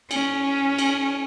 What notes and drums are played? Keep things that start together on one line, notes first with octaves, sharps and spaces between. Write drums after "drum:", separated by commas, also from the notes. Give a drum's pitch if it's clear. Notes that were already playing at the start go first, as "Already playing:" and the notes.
C#4, drum: cymbal
drum: cymbal